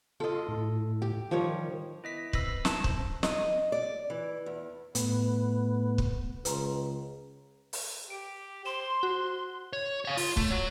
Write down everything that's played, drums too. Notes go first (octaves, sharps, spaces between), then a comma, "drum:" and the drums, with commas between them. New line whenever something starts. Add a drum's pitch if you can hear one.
F4 A4 D#5
A2
G4
D#3 F3 G3 C#5
B3 E4 D#5 B6
C4 B4 E6 A#6 B6, drum: kick
A5, drum: snare
C5, drum: kick
D#5, drum: snare
D5
E3
E2
A2 B3, drum: hi-hat
drum: kick
C#2 B4 A#5 C6, drum: hi-hat
drum: open hi-hat
G4 D7
C5 C6 E7
F#4
C#5
C#5 F5
F4, drum: open hi-hat
A3, drum: kick
F#4 C#5